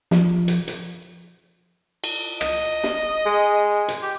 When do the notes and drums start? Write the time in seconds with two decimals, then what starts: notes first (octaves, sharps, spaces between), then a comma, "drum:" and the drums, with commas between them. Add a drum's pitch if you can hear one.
0.11 F3, drum: snare
0.48 drum: hi-hat
0.68 drum: hi-hat
2.04 drum: cymbal
2.41 D#5, drum: rim click
2.84 drum: snare
3.26 G#3
3.88 drum: hi-hat
4.02 G4